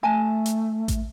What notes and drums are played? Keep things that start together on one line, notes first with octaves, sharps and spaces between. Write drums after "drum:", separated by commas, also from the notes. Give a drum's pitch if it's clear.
A3 E5 G#5 A5
drum: hi-hat
drum: kick A1, hi-hat